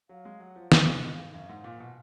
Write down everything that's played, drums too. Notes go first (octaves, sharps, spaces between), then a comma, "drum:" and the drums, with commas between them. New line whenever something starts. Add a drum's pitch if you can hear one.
F#3 F5
G#3
F#3 F#5
F3
G#2 F5, drum: snare
D#5
F5
F#2 F5
G#2 F#5
A#2 F5
B2 F#5